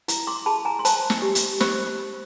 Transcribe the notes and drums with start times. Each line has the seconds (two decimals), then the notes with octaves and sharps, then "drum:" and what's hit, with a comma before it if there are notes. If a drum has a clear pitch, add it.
0.08 E4, drum: hi-hat
0.27 C6 D6
0.46 G#4 A5 B5
0.65 G#5 A#5
0.79 C6
0.85 C5 A5 B5, drum: hi-hat
1.10 drum: snare
1.22 G4
1.35 drum: hi-hat
1.60 C5 B5 C#6, drum: snare